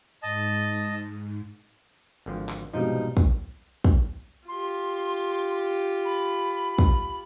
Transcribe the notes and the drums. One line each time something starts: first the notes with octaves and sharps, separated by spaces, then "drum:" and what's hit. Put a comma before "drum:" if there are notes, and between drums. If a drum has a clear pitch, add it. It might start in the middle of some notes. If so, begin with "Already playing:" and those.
G#2 D#5 A5
G#1 D3 F3
drum: clap
C2 G#2 B2 F3 G3 D#4
drum: kick
drum: kick
F4 G4 C6
B5
drum: kick